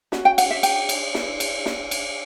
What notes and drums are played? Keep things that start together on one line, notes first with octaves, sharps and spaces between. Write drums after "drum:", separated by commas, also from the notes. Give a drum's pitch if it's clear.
C#4 F#4, drum: snare
G5
F#5, drum: cymbal
E5
G5, drum: cymbal
drum: cymbal
E4 B4, drum: snare
drum: cymbal
drum: snare
drum: cymbal